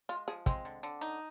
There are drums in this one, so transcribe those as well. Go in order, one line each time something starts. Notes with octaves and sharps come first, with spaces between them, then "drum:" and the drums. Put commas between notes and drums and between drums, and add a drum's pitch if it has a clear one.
G#3 F4
F3 G#4
G#3 C4, drum: kick, hi-hat
D3
D3
D#4, drum: hi-hat